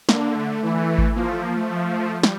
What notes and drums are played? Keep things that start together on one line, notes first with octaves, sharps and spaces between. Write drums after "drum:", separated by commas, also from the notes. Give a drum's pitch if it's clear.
D3 A#3, drum: snare
A3
E3
drum: kick G#1
F3 A#3
A3
A#3
A3
F3
G3, drum: snare